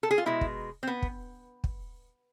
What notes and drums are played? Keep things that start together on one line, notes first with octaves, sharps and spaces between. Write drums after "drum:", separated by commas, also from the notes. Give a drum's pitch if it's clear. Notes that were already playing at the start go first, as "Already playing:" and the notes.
A4
G#4
F4
B2 G#3 E4
drum: kick
C4
B3
drum: kick
drum: kick